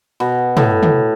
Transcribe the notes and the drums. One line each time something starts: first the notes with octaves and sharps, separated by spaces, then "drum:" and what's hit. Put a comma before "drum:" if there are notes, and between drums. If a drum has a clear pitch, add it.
B2
A2, drum: tom
drum: tom